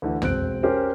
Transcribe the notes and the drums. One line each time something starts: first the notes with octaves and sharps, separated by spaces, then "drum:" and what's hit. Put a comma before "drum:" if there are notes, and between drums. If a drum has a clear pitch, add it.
D2 D3 E3
E1 C4 F#6 D7, drum: tom
C#4 G4 A#4 C5